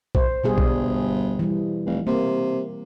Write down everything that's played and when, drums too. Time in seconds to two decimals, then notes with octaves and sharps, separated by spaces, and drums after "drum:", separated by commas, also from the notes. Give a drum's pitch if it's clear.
0.15 C5, drum: kick A#1
0.44 G1 B2 G3 G#4
0.58 drum: kick A#1
1.39 E3 G3
1.86 F1
2.07 C3 A#3